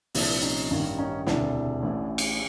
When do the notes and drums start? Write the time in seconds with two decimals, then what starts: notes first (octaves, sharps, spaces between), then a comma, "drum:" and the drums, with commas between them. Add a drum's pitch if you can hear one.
0.15 C2 A#2 F3 D4 E4, drum: open hi-hat
0.42 C#4 D#4
0.71 A1 G2 D#3
0.98 C#4 D#4
1.27 E1 D2 C3 D4 E4, drum: snare
1.82 A1 A2 E3
2.18 drum: cymbal